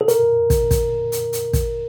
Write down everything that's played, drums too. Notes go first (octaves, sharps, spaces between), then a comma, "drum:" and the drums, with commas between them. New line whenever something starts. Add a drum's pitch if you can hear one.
A4
A#4, drum: hi-hat
drum: kick, hi-hat
drum: kick, hi-hat
drum: hi-hat
drum: hi-hat
drum: kick, hi-hat